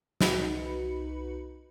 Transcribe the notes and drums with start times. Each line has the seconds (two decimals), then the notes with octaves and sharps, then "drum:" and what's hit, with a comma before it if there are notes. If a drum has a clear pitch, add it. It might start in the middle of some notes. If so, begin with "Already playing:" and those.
0.21 C2 D#4 F#4 B4 B5 C#7, drum: snare